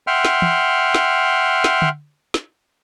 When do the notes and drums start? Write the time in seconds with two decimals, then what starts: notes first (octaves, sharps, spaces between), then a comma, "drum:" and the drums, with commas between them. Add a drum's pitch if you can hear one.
0.07 E5 F#5 G5 C6 F6
0.25 drum: snare
0.42 drum: tom
0.94 drum: snare
1.64 drum: snare
1.82 drum: tom D3
2.34 drum: snare